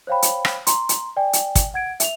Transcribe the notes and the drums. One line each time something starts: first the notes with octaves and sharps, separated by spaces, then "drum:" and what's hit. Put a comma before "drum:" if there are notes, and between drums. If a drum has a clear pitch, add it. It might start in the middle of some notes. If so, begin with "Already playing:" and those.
C5 C#5 F5 G5 B5
drum: hi-hat
drum: rim click
A#5 C6, drum: hi-hat
drum: hi-hat
D5 G5 G#5
drum: hi-hat
drum: kick, hi-hat
F#5 G#6 D7
E5 F7, drum: hi-hat